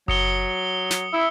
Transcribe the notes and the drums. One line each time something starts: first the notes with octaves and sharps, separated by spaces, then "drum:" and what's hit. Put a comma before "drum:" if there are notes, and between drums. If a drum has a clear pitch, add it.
F#3 D#6 C#7 G7, drum: kick F#1
drum: snare
E4 E5